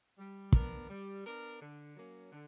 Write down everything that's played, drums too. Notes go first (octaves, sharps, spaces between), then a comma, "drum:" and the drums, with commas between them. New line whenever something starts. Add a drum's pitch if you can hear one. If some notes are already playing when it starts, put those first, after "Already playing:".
G3
B3 D4 A#4, drum: kick
G3
B3 D4 A#4
D3
F#3 A#3 C#4
D3